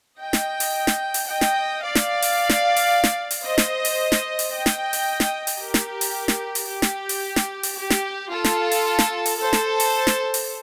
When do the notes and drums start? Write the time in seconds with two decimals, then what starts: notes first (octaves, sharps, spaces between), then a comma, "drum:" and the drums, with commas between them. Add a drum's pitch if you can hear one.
0.19 D#5 G5
0.33 drum: snare
0.60 drum: open hi-hat
0.87 drum: snare
1.14 drum: open hi-hat
1.28 D#5 G5
1.41 drum: snare
1.82 D5 F5
1.95 drum: snare
2.22 drum: open hi-hat
2.49 drum: snare
2.76 drum: open hi-hat
3.04 drum: snare
3.31 drum: open hi-hat
3.44 C5 D#5
3.58 drum: snare
3.85 drum: open hi-hat
4.12 drum: snare
4.39 drum: open hi-hat
4.52 D#5 G5
4.66 drum: snare
4.93 drum: open hi-hat
5.20 drum: snare
5.47 drum: open hi-hat
5.60 G4 A#4
5.74 drum: snare
6.01 drum: open hi-hat
6.28 drum: snare
6.55 drum: open hi-hat
6.68 G4
6.82 drum: snare
7.09 drum: open hi-hat
7.36 drum: snare
7.63 drum: open hi-hat
7.77 G4
7.90 drum: snare
8.31 F4 A4
8.44 drum: snare
8.72 drum: open hi-hat
8.99 drum: snare
9.26 drum: open hi-hat
9.39 A4 C5
9.53 drum: snare
9.80 drum: open hi-hat
10.07 drum: snare
10.34 drum: open hi-hat